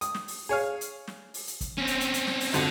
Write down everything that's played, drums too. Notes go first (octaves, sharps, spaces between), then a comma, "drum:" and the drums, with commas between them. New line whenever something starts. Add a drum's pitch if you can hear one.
D#6, drum: hi-hat
drum: snare
drum: open hi-hat
G#4 C#5 F5
drum: hi-hat
drum: snare
drum: open hi-hat
drum: hi-hat
drum: kick, hi-hat
C4 C#4
drum: hi-hat
drum: hi-hat
drum: hi-hat
drum: snare
drum: open hi-hat
G#1 F2 D3 F#4, drum: hi-hat